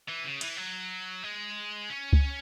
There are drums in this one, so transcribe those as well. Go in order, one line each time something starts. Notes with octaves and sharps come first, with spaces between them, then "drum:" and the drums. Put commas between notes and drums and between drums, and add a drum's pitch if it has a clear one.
E3
C#3
E3, drum: cymbal
F#3
G#3
C#4
drum: kick C#2